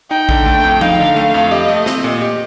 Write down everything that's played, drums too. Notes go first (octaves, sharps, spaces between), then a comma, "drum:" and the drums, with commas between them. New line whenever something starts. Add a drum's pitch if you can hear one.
D#4 G5
D3, drum: kick
A3
F2
D#4 F5, drum: tom F3
D3
A3
F2
G4 D#5
A3
C4, drum: snare
A#2
G4